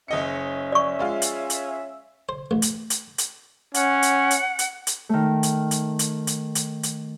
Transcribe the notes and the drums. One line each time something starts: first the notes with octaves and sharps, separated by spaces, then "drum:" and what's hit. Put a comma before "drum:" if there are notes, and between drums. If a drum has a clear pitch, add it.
F#1 C#4 D#5 E5 C#7
D5 C#6
G#3 F4 F5
drum: hi-hat
drum: hi-hat
C5
A1
drum: hi-hat
drum: hi-hat
drum: hi-hat
C#4 F#5, drum: hi-hat
drum: hi-hat
drum: hi-hat
drum: hi-hat
drum: hi-hat
D#3 A3
drum: hi-hat
drum: hi-hat
drum: hi-hat
drum: hi-hat
drum: hi-hat
drum: hi-hat